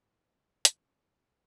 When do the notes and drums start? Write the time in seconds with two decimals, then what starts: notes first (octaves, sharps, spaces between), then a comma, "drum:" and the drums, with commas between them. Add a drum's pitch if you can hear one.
0.01 G#2
0.65 E3, drum: hi-hat
0.81 C#4
1.13 C#2